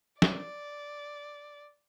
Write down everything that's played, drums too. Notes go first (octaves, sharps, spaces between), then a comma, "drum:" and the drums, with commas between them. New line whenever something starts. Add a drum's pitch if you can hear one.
D5, drum: snare